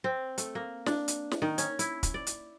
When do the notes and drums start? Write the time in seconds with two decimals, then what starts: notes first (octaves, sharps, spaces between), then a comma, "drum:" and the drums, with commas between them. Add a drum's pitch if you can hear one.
0.04 C4
0.38 A3, drum: hi-hat
0.55 A#3
0.86 D4, drum: snare
1.08 drum: hi-hat
1.31 drum: snare
1.42 D#3
1.58 C#4, drum: hi-hat
1.79 E4, drum: hi-hat
2.03 drum: kick, hi-hat
2.14 D5
2.27 drum: hi-hat